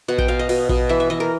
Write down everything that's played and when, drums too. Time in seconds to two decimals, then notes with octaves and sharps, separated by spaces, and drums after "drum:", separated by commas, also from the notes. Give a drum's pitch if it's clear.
0.08 B2 F#5
0.18 G5, drum: kick A#1
0.28 B2 F5
0.39 D#5
0.49 B2, drum: cymbal
0.69 B2, drum: kick A#1
0.89 E3 E5
1.00 E5
1.10 E3 D#5
1.20 A#4